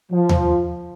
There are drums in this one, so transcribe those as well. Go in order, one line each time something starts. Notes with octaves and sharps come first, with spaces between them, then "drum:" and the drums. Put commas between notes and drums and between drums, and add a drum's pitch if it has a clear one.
F3
drum: tom D#2